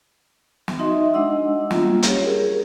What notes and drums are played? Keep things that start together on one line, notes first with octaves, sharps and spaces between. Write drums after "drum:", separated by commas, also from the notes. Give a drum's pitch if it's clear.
drum: snare
D#4 F#4 D#5 E5 C6
G#3 D4 D#5 F#5 E6
G3 A#3 D4 F4, drum: snare
C#4 G4 C#5, drum: hi-hat
G#4 A#4